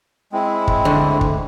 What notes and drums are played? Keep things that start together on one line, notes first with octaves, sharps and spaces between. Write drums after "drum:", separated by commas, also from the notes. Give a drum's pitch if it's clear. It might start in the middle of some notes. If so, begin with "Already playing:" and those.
G#3 C4 E4
drum: kick
D2 D3
drum: kick